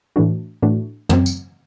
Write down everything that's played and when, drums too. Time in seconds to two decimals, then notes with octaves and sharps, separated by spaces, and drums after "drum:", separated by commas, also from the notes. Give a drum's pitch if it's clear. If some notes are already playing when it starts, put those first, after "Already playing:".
0.16 A2 E3 A3 D4 F#4
0.63 A2 E3 A3 D4 F#4
1.09 F#2 F#3 C4, drum: tom
1.26 drum: tambourine